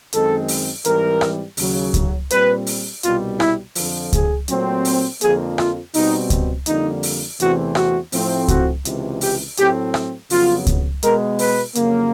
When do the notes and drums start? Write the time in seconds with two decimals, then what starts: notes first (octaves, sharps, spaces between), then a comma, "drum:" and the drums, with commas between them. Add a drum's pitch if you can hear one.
0.13 F#2 D#3 G#3 C4 A4, drum: hi-hat
0.48 drum: open hi-hat
0.85 G#2 E3 G3 C4 A#4, drum: hi-hat
1.21 drum: rim click
1.57 D#2 C#3 F#3, drum: open hi-hat
1.94 drum: kick C#2, hi-hat
2.30 A#2 G3 C4 B4, drum: hi-hat
2.67 drum: open hi-hat
3.03 C2 B2 G3 F4, drum: hi-hat
3.40 E4, drum: rim click
3.75 F2 D3 F3, drum: open hi-hat
4.13 G#4, drum: kick C#2, hi-hat
4.48 A#2 F#3 A3 C4, drum: hi-hat
4.85 drum: open hi-hat
5.21 F2 D3 F3 A#3 G#4, drum: hi-hat
5.58 F4, drum: rim click
5.94 B2 G3 C4 D#4, drum: open hi-hat
6.30 drum: kick C#2, hi-hat
6.66 F2 D3 G3 A#3 D#4, drum: hi-hat
7.03 drum: open hi-hat
7.40 E2 C3 E3 A3 C4 F#4, drum: hi-hat
7.75 F#4, drum: rim click
8.12 A2 F3 A3 C4, drum: open hi-hat
8.48 F#4, drum: kick C#2, hi-hat
8.85 C#2 C3 E3, drum: hi-hat
9.21 G4, drum: open hi-hat
9.57 A2 F#3 A3 C4 G4, drum: hi-hat
9.94 drum: rim click
10.30 F2 C#3 F#3 B3 F4, drum: open hi-hat
10.67 drum: kick C#2, hi-hat
11.03 B2 G#3 B3 A#4, drum: hi-hat
11.39 B4, drum: open hi-hat
11.75 F2 C#3 F#3 A#3, drum: hi-hat